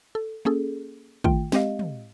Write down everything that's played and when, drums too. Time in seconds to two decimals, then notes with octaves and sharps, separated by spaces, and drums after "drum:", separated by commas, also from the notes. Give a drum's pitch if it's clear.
0.15 A4
0.45 A#3 C#4 G#4 A4
1.24 D#3 A3 F4 G5, drum: kick
1.52 G#3 C4 G4 D#5 F5, drum: snare
1.79 drum: tom